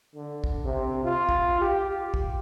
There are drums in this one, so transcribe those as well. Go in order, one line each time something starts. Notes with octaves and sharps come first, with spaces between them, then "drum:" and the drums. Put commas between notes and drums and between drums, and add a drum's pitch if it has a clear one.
D3
drum: kick
C3
F4
drum: kick
G4
drum: kick